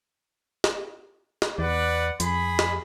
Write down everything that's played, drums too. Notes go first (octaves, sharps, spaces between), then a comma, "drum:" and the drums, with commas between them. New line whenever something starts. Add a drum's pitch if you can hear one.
drum: snare
drum: snare
E2 B4 D5 F#5
F2 G#4 B5, drum: hi-hat
drum: snare